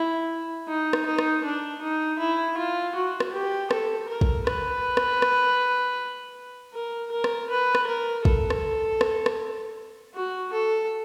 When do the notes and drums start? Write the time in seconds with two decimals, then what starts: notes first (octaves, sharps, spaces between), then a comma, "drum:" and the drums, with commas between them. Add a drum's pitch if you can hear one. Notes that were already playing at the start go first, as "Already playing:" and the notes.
Already playing: E4
0.68 D#4
0.93 drum: rim click
1.06 D#4
1.19 drum: rim click
1.44 D4
1.82 D#4
2.19 E4
2.57 F4
2.96 F#4
3.20 drum: rim click
3.33 G4
3.71 A4, drum: rim click
4.09 A#4
4.21 drum: kick
4.47 B4, drum: rim click
4.97 drum: rim click
5.22 drum: rim click
6.73 A#4
7.12 A#4
7.24 drum: rim click
7.50 B4
7.75 drum: rim click
7.87 A#4
8.25 A4, drum: kick
8.50 drum: rim click
9.01 drum: rim click
9.26 drum: rim click
10.15 F#4
10.53 A4